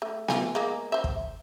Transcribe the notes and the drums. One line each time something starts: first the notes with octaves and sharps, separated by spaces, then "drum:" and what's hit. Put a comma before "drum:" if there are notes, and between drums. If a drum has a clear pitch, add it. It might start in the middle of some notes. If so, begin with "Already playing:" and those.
A3
A3 F4 G#5, drum: snare B3
G#3 A#3
C5 E5
drum: kick